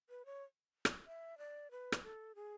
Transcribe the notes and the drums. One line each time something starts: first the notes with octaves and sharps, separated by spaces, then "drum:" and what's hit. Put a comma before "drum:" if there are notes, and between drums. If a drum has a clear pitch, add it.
B4
C#5
drum: rim click
E5
D5
B4
drum: rim click
A4
G#4